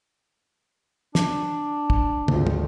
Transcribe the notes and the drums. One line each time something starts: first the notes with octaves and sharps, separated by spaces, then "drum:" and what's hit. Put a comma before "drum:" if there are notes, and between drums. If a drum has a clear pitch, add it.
D4, drum: snare
drum: kick
G#1 D2 F3, drum: tom
drum: tom